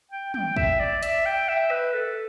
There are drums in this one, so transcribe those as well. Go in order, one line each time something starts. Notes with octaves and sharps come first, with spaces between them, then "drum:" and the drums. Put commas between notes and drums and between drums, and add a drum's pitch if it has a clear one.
G5
G5, drum: tom
E5, drum: kick
D5
E5, drum: hi-hat
G5
E5
B4
A4